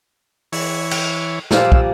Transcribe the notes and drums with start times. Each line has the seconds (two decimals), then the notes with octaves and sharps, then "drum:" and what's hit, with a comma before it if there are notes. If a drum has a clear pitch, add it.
0.52 E3 C#5, drum: open hi-hat
0.91 G5, drum: cymbal
1.51 A#2 F3 G3 C5 F5 E6, drum: snare
1.72 drum: kick